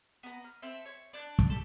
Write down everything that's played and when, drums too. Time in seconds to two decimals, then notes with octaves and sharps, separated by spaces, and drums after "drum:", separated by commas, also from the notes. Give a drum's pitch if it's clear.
0.23 B3 A#5
0.44 F6
0.62 C4 A4 E5
0.85 C#5
1.13 D4 F#6
1.39 drum: kick
1.50 G4 A4